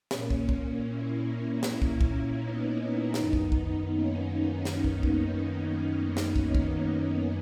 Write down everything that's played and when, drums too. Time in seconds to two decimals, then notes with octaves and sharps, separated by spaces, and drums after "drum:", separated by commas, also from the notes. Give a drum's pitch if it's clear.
0.11 A#2 A#3 C#4, drum: snare
0.30 drum: kick
0.49 A#3 C#4, drum: kick
0.87 C#4 E4
1.63 drum: snare
1.82 drum: kick
2.01 drum: kick
2.38 B3 D#4
3.14 F#2 D#3, drum: snare
3.33 drum: kick
3.52 drum: kick
3.90 A#3 C#4
4.65 drum: snare
4.84 drum: kick
5.03 drum: kick
6.17 drum: snare
6.36 drum: kick
6.55 drum: kick